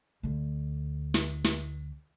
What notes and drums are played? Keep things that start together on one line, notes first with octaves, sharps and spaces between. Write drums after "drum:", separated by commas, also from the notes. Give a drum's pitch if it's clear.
D2 D3
drum: snare
drum: snare